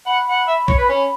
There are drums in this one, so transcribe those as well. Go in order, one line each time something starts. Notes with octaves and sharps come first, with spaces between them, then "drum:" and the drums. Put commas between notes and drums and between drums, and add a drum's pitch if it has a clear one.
F#5 B5
F#5
E5
C#5, drum: kick
B4
C#4